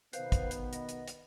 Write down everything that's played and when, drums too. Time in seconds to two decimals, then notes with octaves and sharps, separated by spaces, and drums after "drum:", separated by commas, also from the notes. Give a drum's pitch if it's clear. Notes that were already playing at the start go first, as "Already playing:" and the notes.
0.13 B2 D#3 B3 B4 C5 F5, drum: hi-hat
0.32 drum: kick, hi-hat
0.51 drum: hi-hat
0.73 D#5, drum: hi-hat
0.89 drum: hi-hat
1.08 drum: hi-hat